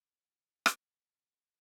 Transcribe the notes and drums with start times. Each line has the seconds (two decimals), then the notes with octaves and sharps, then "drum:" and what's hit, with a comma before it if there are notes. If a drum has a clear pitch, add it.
0.25 E4 G4
0.66 drum: rim click